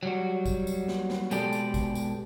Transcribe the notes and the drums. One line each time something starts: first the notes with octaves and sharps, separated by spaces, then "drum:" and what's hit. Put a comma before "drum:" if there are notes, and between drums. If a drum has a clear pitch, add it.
F#3 G3 F#4
drum: kick G#1, tambourine
drum: tambourine
drum: snare
drum: snare
B2 G#3 G4 A4 D5, drum: tambourine
drum: tambourine
drum: kick G#1, tambourine
drum: tambourine